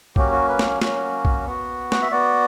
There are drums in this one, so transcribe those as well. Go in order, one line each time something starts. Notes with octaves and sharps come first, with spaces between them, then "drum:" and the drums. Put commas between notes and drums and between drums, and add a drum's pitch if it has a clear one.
F#3 A#3 C#4 F#4 G4, drum: kick B1
F#4
B4
drum: snare
F#3 A#3 C#4 F#4, drum: snare
drum: kick B1
B3 F#4
F#5, drum: snare
E5
B3 F#4 D5